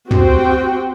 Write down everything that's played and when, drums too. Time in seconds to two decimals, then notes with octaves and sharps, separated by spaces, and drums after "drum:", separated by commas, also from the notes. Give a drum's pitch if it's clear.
0.11 C4 F#4 G4 C5 G5, drum: tom